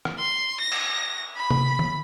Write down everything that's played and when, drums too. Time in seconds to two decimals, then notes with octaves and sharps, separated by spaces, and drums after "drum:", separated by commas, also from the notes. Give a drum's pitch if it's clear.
0.05 drum: rim click
0.19 C6
0.61 A#6
0.72 drum: cymbal
1.36 B5
1.50 drum: tom C3
1.79 drum: tom D3